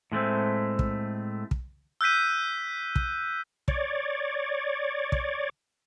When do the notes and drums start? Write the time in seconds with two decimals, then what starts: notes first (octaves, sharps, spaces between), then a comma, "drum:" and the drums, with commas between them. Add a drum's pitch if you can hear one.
0.12 A2 G#3 A3 C4
0.79 drum: kick
1.51 drum: kick
2.01 E6 F#6 G6 B6 D#7
2.96 drum: kick
3.68 C#5 D5, drum: kick
5.12 drum: kick